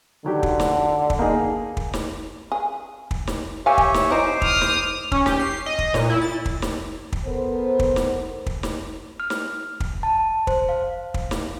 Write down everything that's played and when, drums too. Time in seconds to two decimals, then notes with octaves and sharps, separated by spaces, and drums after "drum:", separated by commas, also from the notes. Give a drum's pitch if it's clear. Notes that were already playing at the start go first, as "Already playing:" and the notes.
0.24 D3 D#3 F#3 G4
0.43 drum: kick
0.60 drum: snare
1.10 drum: kick
1.19 A#3 D#4 G#4
1.77 drum: kick
1.93 drum: snare
2.52 G#4
3.11 drum: kick
3.27 drum: snare
3.66 G4 C#5 E5 F5 G#5
3.78 drum: kick
3.94 drum: snare
4.11 F#3 D#4 E4 C5 D6
4.42 D#6 F6, drum: kick
4.61 drum: snare
5.12 C#4, drum: kick
5.26 G4, drum: snare
5.39 C7
5.66 D#5
5.79 drum: kick
5.94 A#2, drum: snare
6.10 E4
6.22 A6
6.46 drum: kick
6.62 drum: snare
7.12 drum: kick
7.26 B3 A4 A#4 C5
7.79 drum: kick
7.96 drum: snare
8.46 drum: kick
8.63 drum: snare
9.20 F6
9.30 drum: snare
9.80 drum: kick
10.03 A5
10.47 C5, drum: kick
10.69 F5
11.14 drum: kick
11.31 drum: snare